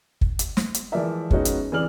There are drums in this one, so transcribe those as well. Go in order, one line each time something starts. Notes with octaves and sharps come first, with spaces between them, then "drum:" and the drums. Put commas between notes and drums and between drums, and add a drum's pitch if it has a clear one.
drum: kick
drum: hi-hat
drum: snare
drum: hi-hat
E3 F3 G#3 A#4 D5 E5
F3 G#3 B3 C#4 D#4 F#4, drum: kick
drum: hi-hat
C3 E3 G#4 D5 F6 F#7